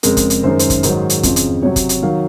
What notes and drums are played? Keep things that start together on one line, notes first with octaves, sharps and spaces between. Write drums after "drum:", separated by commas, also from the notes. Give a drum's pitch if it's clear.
F2 C#3 G#3 A#4, drum: hi-hat
drum: kick, hi-hat
drum: hi-hat
F#2 D#3 G#3 C5
A#4
C5, drum: hi-hat
drum: kick, hi-hat
G#2 D#3 F#3, drum: hi-hat
drum: hi-hat
F2 C#3 F3, drum: kick, hi-hat
drum: hi-hat
C3 F#3 C#5
drum: kick, hi-hat
drum: hi-hat
D#3 F#3 F5